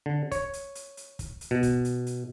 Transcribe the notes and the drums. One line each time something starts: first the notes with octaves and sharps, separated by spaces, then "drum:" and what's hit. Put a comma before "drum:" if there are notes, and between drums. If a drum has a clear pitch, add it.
D3
C#5, drum: kick, hi-hat
drum: hi-hat
drum: hi-hat
drum: hi-hat
drum: kick, hi-hat
drum: hi-hat
B2
drum: kick, hi-hat
drum: hi-hat
drum: hi-hat